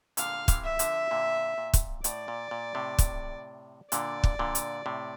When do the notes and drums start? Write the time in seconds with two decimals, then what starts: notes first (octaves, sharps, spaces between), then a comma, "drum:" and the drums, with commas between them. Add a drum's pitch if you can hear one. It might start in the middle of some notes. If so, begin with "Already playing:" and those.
0.17 A#2 D3 F5, drum: hi-hat
0.48 C3 E3, drum: kick, hi-hat
0.64 E5
0.79 D3 F3, drum: hi-hat
1.11 A#2 D3
1.58 A#2
1.73 drum: kick, hi-hat
2.04 A2 D5, drum: hi-hat
2.28 A#2
2.51 A#2
2.75 A2 C3
2.99 drum: kick, hi-hat
3.92 A#2 D3 D5, drum: hi-hat
4.24 drum: kick
4.39 A#2 D3
4.55 drum: hi-hat
4.86 A2 C3